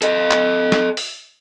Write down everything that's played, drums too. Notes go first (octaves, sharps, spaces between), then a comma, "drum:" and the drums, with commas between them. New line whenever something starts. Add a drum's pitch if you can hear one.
A4 D#5, drum: hi-hat
drum: clap
drum: snare
drum: open hi-hat